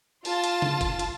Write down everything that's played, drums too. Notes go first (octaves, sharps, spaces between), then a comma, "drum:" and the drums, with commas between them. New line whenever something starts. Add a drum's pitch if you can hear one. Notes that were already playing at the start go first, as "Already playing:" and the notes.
F4 A5, drum: open hi-hat
drum: hi-hat
drum: tom C#3
drum: kick, hi-hat
drum: hi-hat